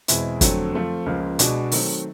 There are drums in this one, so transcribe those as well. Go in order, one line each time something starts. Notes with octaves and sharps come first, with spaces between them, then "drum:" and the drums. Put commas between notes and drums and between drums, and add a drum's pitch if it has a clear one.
E2 B2 G#3 C4 E4, drum: hi-hat
F2 D3 F#3 A3 C4, drum: kick, hi-hat
F3 A3 C4
C#2 C#3 F3 A#3
B2 G#3 B3 D4 F#4, drum: hi-hat
D#3 F#3 A3 C4 D#4, drum: open hi-hat